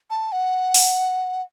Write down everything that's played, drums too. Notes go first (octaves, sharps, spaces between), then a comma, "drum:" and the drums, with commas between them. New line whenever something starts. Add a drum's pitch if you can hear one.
A5
F#5
drum: open hi-hat